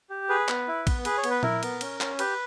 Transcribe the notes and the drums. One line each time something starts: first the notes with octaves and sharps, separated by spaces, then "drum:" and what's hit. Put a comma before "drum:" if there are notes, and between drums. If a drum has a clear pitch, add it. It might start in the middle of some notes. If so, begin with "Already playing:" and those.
G4
G#4 B4
B3, drum: clap
E4
B3, drum: kick, cymbal
G#4 B4, drum: cymbal
C#5
B3, drum: cymbal
B4
E4 A#4, drum: tom A#2
B3, drum: cymbal
C#4, drum: cymbal
C#4, drum: clap
G4 B4, drum: cymbal